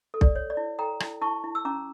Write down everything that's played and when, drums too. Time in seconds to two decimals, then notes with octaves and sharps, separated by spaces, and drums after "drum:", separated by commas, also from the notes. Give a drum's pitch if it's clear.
0.14 A4
0.21 D5, drum: kick B1
0.36 C#5
0.50 D5
0.57 E4
0.79 A4 G5 A#5
1.00 E4, drum: rim click
1.21 E4 A5 C#6
1.44 E4
1.55 E6
1.65 C#4 A#5 D6